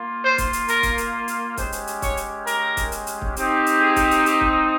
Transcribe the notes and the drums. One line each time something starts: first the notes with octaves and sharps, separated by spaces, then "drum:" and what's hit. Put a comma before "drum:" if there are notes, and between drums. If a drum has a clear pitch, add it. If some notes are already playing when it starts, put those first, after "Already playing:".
Already playing: A#3 F4
C5
drum: kick, hi-hat
drum: hi-hat
A#4, drum: hi-hat
drum: kick, hi-hat
drum: hi-hat
drum: hi-hat
G#3 C#4 G4 C5, drum: kick, hi-hat
drum: hi-hat
drum: hi-hat
C#5, drum: kick, hi-hat
drum: hi-hat
A#4, drum: hi-hat
drum: kick, hi-hat
drum: hi-hat
drum: hi-hat
drum: kick
C4 D#4 G4, drum: hi-hat
drum: hi-hat
G#4
drum: kick, hi-hat
drum: hi-hat
G4, drum: hi-hat
drum: kick